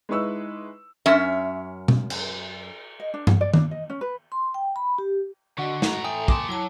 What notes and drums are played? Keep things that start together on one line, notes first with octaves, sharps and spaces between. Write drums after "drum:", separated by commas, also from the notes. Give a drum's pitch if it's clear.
G#3 D#4 E4 B4 C#6 E6
F#2 C#4 E5
drum: tom B2
drum: cymbal
D#5
D4
F#5, drum: tom G2
D5
D4, drum: tom D#3
D#5
C#4
B4
C6
G5
B5
G4
D3 F#4 D#5 F#5 C#6
A2 A#5, drum: snare
A4 E5 G5 G#5 D#6
A#3 A5 A#5 C6 D6 D#6, drum: kick
F#3 E4 C#5 A5